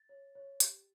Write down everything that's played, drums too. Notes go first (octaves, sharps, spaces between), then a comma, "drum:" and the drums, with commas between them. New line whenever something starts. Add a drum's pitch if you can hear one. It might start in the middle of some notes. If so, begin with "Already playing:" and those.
Already playing: A6
C#5
C#5
G4, drum: hi-hat